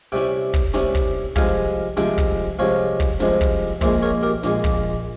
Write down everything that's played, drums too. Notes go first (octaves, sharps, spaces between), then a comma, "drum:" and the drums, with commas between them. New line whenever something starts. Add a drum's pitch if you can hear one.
C3 G3 C#4 E4 E5 G5
drum: kick
C3 G3 C#4 E4, drum: snare
drum: kick
C2 C3 F3 G#3 F5 G#5, drum: kick
C2 C3 F3 G#3 E5 G5, drum: snare
drum: kick
C2 C3 F3 G#3 C#5 F5
drum: kick
C2 C3 F3 G#3, drum: snare
drum: kick
A#1 A#2 G#3 C5 E5, drum: kick
A#4 C#5
G4 A#4
A#1 A#2 G#3, drum: snare
drum: kick